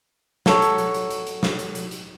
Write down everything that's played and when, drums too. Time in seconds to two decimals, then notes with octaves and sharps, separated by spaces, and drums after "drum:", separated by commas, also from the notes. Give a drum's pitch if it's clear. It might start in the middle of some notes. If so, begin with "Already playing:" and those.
0.46 F#3 A4 C#5, drum: snare
0.62 drum: hi-hat
0.78 drum: hi-hat
0.94 drum: hi-hat
1.10 drum: hi-hat
1.27 drum: hi-hat
1.43 drum: snare
1.59 drum: hi-hat
1.75 drum: hi-hat
1.91 drum: hi-hat